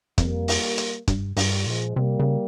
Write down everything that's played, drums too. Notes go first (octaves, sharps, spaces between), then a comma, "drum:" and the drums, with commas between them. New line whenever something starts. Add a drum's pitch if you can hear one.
F2 G3 A#3, drum: kick, hi-hat
drum: open hi-hat
drum: hi-hat
G2, drum: kick, hi-hat
G2 G3, drum: open hi-hat
A#2 F3 G#3
C3 G3 A#3
C#3